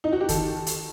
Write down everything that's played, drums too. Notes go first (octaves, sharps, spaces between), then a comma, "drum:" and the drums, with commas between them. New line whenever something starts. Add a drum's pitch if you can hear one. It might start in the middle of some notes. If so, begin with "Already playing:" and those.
D#4
F#4
G4
D#3 A4, drum: kick, hi-hat
drum: hi-hat